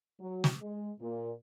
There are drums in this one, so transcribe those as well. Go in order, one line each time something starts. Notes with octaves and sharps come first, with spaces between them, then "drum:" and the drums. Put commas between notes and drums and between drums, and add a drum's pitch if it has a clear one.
F#3
drum: snare
G#3
A#2